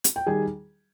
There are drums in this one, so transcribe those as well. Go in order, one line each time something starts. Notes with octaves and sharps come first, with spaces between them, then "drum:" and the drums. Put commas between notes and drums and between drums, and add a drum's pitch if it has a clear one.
drum: hi-hat
G5
D#3 G3 G#4 G#5